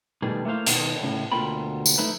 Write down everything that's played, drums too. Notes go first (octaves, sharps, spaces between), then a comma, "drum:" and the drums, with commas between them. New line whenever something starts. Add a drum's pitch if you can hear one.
B2 D#3 G3 A3 G#4
A3 A#3 E4 C5 F5
B2 D#3, drum: hi-hat
A2 C#3
D2 B2 A#3 F4 G5 B5
drum: tambourine
F3 A3 D#4 E4 B4